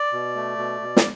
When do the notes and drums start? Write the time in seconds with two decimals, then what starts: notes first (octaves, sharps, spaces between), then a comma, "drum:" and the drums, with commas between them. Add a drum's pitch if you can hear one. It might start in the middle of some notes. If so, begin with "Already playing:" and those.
Already playing: D5
0.13 B2
0.36 A3
0.58 B2
0.81 B2
0.97 drum: snare